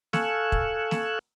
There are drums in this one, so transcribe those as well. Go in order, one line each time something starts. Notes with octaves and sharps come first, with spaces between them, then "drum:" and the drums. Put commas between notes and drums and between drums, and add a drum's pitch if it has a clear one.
A4 F5 G#5 C#6 E6 F#6, drum: snare
drum: kick
drum: snare